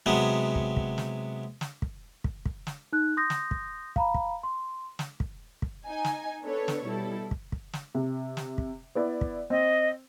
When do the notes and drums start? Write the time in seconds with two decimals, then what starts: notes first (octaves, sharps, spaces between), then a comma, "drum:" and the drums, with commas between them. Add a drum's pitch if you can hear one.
0.06 C3 F#3 G#3 B3
0.55 drum: kick
0.77 drum: kick
0.98 drum: snare
1.61 drum: snare
1.82 drum: kick
2.24 drum: kick
2.45 drum: kick
2.67 drum: snare
2.92 D#4 F#6
3.17 C6 D#6 G6 A#6
3.30 drum: snare
3.51 drum: kick
3.96 F5 A#5 B5, drum: kick
4.14 drum: kick
4.43 C6
4.99 drum: snare
5.20 drum: kick
5.62 drum: kick
5.86 D#4 G#5
6.05 drum: snare
6.42 B3 D4 A4 B4 C#5
6.68 drum: snare
6.86 B2 G3 E4 A4
7.31 drum: kick
7.52 drum: kick
7.73 drum: snare
7.95 C3
8.37 drum: snare
8.58 drum: kick
8.95 B3 E4 D5
9.21 drum: kick
9.50 C4 D#5